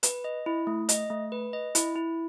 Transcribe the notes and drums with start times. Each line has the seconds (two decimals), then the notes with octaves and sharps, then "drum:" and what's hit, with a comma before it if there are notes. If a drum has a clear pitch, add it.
0.03 B4, drum: hi-hat
0.24 D#5
0.46 E4
0.67 A3
0.89 D#5, drum: hi-hat
1.10 A3
1.32 B4
1.53 D#5
1.75 E4, drum: hi-hat
1.96 E4